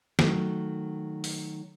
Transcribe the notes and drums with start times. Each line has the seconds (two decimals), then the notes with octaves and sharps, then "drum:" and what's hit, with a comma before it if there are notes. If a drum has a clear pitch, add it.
0.19 D#3 F#3 A3, drum: snare
1.24 drum: open hi-hat